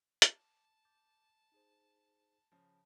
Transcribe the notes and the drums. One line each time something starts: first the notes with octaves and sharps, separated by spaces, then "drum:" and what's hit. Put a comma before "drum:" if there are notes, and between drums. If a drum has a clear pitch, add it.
A5 D6, drum: hi-hat
D6 G6 A6
D#4 G#4 C5
C#3 F3